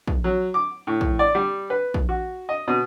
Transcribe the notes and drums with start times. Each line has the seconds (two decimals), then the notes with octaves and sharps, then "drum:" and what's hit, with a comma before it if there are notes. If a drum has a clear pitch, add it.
0.07 drum: kick
0.24 F#3
0.54 D6
0.87 A2
1.01 drum: kick
1.19 D5
1.35 G3
1.70 B4
1.94 drum: kick
2.09 F#4
2.49 D#5
2.68 B2